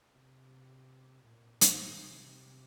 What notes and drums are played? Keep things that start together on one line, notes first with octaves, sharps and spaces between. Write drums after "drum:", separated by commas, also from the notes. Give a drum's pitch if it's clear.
C3
A#2
G#2, drum: hi-hat
C3